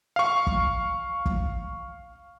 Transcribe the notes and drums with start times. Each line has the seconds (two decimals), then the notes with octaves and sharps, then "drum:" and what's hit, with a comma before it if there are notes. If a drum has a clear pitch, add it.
0.16 F5 C#6
0.47 drum: kick
1.26 drum: kick